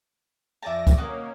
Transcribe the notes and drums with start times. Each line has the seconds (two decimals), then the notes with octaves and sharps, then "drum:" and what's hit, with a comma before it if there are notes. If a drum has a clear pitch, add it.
0.62 F2 D5 E5 G#5 A5 A#6
0.87 drum: kick, hi-hat
0.98 A#3 C#4 F#4 D#5 D6